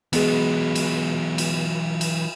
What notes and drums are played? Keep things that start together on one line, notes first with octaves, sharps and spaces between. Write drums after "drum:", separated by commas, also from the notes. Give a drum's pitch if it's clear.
E3 F#3 G#3 B3, drum: cymbal
drum: cymbal
drum: cymbal
drum: cymbal